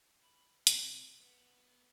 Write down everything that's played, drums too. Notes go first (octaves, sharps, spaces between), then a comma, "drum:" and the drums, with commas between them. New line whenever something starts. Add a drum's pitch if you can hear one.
B5
C3, drum: hi-hat
B3